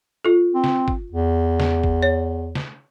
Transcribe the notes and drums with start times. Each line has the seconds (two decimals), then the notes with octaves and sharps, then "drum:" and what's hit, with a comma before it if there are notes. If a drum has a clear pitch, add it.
0.25 F4 A4
0.55 C4
0.64 drum: snare
0.88 drum: kick
1.12 E2
1.60 drum: snare
1.84 drum: kick
2.03 C#5
2.55 drum: snare